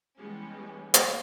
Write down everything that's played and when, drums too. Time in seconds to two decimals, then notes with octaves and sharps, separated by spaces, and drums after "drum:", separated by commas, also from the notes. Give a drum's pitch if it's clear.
0.18 E3 G3 G#3 B3 C#4
0.94 drum: hi-hat